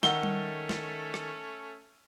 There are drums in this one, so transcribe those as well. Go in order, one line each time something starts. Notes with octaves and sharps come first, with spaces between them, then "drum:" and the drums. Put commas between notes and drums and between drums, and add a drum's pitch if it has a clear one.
D#3 A3 C#4 A4 E5 F#5 A#5 G7, drum: snare
drum: tom G3
drum: snare
drum: rim click